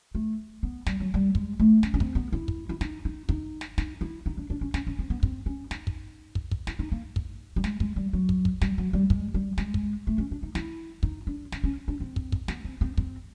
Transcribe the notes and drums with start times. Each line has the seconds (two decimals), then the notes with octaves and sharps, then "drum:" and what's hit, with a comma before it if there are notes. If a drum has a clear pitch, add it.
0.15 A3
0.63 B3
0.86 G3, drum: snare
1.00 F#3
1.14 G3
1.35 G#3, drum: kick
1.60 A3
1.83 C#4, drum: snare
1.94 C#4
2.00 C4, drum: kick
2.15 B3
2.32 E4
2.48 drum: kick
2.69 E4
2.81 D#4, drum: snare
3.05 D#4
3.29 D#4, drum: kick
3.61 drum: snare
3.78 D#4, drum: snare
4.01 E4
4.26 D#4
4.37 D4
4.50 D4
4.61 C#4
4.74 C#4, drum: snare
4.87 C#4
4.99 C4
5.10 B3
5.23 C4, drum: kick
5.46 C#4
5.71 D#4, drum: snare
5.87 drum: kick
6.35 drum: kick
6.51 drum: kick
6.67 E4, drum: snare
6.79 D#4
6.92 A#3
7.16 drum: kick
7.56 G3
7.64 G#3, drum: snare
7.80 G#3, drum: kick
7.96 G3
8.13 F#3
8.29 drum: kick
8.45 drum: kick
8.61 G3, drum: snare
8.78 F#3
8.93 G3
9.10 G#3, drum: kick
9.34 G3
9.58 G#3, drum: snare
9.74 drum: kick
10.07 A3
10.18 C#4
10.31 D4
10.43 D#4
10.55 E4, drum: snare
11.03 D#4, drum: kick
11.27 D4
11.52 C#4, drum: snare
11.64 C#4
11.88 D4
12.00 C4
12.16 drum: kick
12.32 drum: kick
12.48 B3, drum: snare
12.64 C4
12.81 C4
12.98 C4, drum: kick